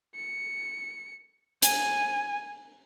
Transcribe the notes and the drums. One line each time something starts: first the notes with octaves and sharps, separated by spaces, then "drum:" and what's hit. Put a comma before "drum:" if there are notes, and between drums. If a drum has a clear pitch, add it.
C#7
G#5, drum: hi-hat